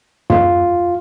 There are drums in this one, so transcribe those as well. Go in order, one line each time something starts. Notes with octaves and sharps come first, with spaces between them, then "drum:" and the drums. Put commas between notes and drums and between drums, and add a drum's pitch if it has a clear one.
F4, drum: tom